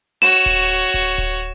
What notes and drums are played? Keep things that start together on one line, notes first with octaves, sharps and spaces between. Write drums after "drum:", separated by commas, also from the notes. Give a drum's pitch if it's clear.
F#4 C#5 E7
drum: kick D1
drum: kick D1
drum: kick D1